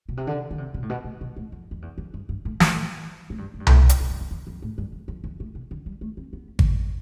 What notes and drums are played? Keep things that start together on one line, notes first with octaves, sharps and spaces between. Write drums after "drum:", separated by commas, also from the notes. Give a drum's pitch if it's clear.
B2
C3
D3
D3
C3
B2
A2
B2
A2
B2
A2
F2
F2
E2
F2
G2
G2
A2
A2, drum: snare
A2
G2
A2
G2
A2, drum: tom C2
drum: hi-hat
B2
G2
F2
E2
F2
A2
G2
E2
F2
F2
A2
B2
D3
G3
A3
C4
B3
drum: kick G#1